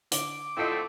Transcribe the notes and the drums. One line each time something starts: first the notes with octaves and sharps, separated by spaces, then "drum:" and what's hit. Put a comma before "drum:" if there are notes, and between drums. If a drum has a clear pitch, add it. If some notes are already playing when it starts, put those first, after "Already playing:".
D3 D6, drum: hi-hat
D3 A3 C4 E4 F4 D#5